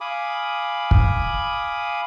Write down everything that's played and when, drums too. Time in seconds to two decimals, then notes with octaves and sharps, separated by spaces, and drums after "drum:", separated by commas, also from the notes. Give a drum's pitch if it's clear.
0.01 F5 G#5 B5 D6 D#6
0.91 drum: kick